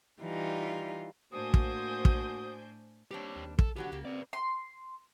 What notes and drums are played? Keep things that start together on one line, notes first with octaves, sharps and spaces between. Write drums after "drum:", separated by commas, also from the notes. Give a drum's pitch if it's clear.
E3 G3 D#4 F4
A2 A#3 D4 F#4 C5 G#5 D#6 G6
drum: kick
drum: kick
G3 C4 D4 G4 C#5
D#2
A4, drum: kick
B2 D3 F#3 F#4 G4
C#2 C#3 A#3
C4 B4 D5
C6